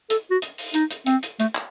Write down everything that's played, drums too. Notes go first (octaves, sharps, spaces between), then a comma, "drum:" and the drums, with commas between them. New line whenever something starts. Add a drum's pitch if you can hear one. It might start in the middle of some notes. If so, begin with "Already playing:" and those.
A4, drum: hi-hat
F#4
drum: hi-hat
drum: open hi-hat
D#4, drum: hi-hat
drum: hi-hat
C4, drum: hi-hat
drum: hi-hat
A3, drum: hi-hat
drum: clap